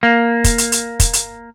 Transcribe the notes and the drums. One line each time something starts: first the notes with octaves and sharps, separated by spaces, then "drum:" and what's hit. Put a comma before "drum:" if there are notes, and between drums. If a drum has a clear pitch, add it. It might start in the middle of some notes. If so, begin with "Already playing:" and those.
A#3
drum: kick, hi-hat
drum: hi-hat
drum: hi-hat
drum: kick, hi-hat
drum: hi-hat